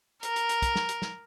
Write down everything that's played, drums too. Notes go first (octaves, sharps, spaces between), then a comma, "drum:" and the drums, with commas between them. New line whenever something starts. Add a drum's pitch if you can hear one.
A#4, drum: hi-hat
drum: hi-hat
drum: hi-hat
drum: kick, hi-hat
drum: snare
drum: hi-hat
drum: snare